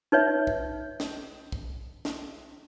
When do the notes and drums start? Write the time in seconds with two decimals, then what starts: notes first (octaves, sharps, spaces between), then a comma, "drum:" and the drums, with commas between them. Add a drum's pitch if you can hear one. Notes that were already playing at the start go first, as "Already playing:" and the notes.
0.12 D#4 B4 C#5 E5
0.47 drum: kick
1.00 drum: snare
1.52 drum: kick
2.05 drum: snare